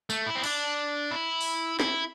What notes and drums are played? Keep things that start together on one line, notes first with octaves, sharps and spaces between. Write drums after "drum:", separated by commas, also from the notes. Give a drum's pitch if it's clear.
A3, drum: tambourine
E4
C4
D4, drum: cymbal
E4
drum: open hi-hat
E4, drum: snare